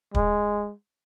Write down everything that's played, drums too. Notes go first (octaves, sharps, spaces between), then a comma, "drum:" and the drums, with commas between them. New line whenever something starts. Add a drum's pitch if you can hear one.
G#3, drum: kick